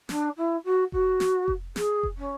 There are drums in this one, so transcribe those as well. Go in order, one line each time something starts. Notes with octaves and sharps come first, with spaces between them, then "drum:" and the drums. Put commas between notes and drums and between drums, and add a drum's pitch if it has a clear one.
D4, drum: snare
E4
F#4
F#4, drum: kick F1
drum: snare
drum: kick F1
G#4, drum: snare
drum: kick F1
C#4